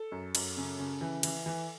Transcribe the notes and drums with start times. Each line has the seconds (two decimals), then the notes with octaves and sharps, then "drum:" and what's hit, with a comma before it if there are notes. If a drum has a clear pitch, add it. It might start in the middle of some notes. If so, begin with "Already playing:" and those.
Already playing: A4
0.12 F#2
0.35 F#2, drum: cymbal
0.57 C#3
0.79 C#3
1.01 E3
1.23 E3, drum: cymbal
1.46 E3